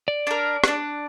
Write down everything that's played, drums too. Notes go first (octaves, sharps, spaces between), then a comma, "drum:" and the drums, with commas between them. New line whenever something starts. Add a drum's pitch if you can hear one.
D5
D4 A#4
D4 F#6, drum: rim click